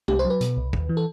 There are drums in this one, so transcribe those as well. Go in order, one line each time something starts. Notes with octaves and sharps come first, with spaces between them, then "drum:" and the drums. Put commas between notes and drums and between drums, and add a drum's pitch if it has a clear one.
C2 G4, drum: tom G#3
C5
F#3
B4
B2, drum: hi-hat
C2
D#2, drum: kick
E3
A4